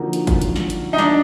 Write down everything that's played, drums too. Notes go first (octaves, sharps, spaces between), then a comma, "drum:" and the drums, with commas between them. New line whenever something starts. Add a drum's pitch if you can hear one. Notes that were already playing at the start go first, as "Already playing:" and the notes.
Already playing: D3 F3 A#3 D#4 F#4
drum: hi-hat
drum: kick, hi-hat
drum: hi-hat
drum: snare
drum: hi-hat
D#4
D4, drum: snare